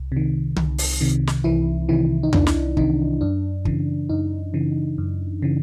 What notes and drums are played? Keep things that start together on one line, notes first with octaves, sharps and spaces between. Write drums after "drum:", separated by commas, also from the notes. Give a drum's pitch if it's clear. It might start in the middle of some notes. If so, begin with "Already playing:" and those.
Already playing: C2
C3 D#3
C2, drum: tom D3
drum: open hi-hat
C3 D#3
drum: snare
C2 E3 E4
C3 D#3 E3 E4
D#4
C2 D4, drum: tom E2
drum: snare
C3 D#3 D#4, drum: kick
F#2 D4
C#3 E3, drum: kick
F#2 D#4
C#3 E3
F#2
C#3 E3